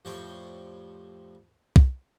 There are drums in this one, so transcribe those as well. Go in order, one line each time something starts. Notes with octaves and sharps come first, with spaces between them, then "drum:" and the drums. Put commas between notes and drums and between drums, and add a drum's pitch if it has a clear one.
F2 A2 G3 C5 C#5 G5
drum: kick